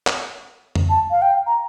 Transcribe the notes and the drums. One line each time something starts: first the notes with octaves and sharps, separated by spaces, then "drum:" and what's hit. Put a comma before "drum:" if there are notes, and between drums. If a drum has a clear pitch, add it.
drum: clap
drum: tom F2
A5
F5
G5
A#5